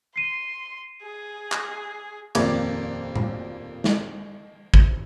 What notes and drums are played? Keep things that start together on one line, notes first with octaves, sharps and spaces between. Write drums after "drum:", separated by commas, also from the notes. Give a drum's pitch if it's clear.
C6 C7 D#7
G#4
drum: clap
D#1 F2 A#3 D5 D6 G#6, drum: cymbal
drum: tom A2
drum: snare
drum: kick